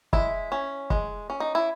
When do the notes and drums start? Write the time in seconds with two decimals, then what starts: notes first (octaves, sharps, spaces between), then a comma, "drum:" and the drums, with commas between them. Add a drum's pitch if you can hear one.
0.13 G#3 E4, drum: kick
0.52 C#4
0.90 G#3, drum: kick
1.30 C#4
1.40 D#4
1.55 E4